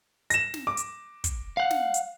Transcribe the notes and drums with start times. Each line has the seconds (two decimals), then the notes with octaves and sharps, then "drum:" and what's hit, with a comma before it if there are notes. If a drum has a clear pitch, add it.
0.30 A#6 E7, drum: hi-hat
0.54 drum: snare
0.67 D6
0.77 drum: hi-hat
1.24 drum: kick, hi-hat
1.57 F5 F#5
1.71 drum: snare
1.94 drum: hi-hat